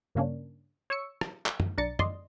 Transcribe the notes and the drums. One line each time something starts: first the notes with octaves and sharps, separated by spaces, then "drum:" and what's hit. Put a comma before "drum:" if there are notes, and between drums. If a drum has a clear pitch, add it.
G2 C#3 A#3 C#4 D4
C#5 C#6 E6 C#7
drum: rim click
drum: clap
drum: tom
B1 D4 D5 A#5 A6 C#7
D5 D#5 C6, drum: tom